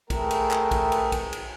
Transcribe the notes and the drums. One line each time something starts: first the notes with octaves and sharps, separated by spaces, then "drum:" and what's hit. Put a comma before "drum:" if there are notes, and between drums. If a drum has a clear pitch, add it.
A3 G#4 A#4 B4 G5, drum: kick, cymbal
drum: cymbal
drum: clap
drum: kick, cymbal
drum: cymbal
drum: kick, cymbal
drum: cymbal